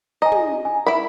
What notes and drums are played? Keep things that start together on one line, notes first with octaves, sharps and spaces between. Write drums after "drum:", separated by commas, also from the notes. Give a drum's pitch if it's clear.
D#5 G#5 A#5
drum: tom
G#5
E4 A#4 B5